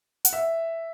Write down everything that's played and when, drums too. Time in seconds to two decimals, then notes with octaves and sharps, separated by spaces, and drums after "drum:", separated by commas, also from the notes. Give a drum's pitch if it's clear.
0.25 F#5, drum: hi-hat
0.33 E5